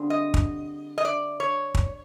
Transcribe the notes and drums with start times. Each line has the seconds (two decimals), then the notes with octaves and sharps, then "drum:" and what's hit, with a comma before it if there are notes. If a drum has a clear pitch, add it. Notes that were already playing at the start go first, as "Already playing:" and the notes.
Already playing: D3 G3 C4 F4 G#4
0.10 D#5
0.34 drum: kick
0.98 D#5
1.05 D5
1.40 C#5
1.75 drum: kick